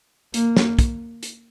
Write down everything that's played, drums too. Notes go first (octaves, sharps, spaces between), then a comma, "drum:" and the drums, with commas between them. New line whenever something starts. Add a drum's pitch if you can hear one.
A#3, drum: hi-hat
drum: snare
drum: kick, hi-hat
drum: hi-hat